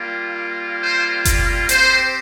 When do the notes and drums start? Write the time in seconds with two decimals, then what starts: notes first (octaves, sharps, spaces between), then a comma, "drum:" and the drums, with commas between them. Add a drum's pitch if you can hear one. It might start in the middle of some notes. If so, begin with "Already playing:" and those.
Already playing: G3 A#3 F4
0.82 C5
1.25 drum: kick F#1, hi-hat
1.69 C4 G4 C5, drum: hi-hat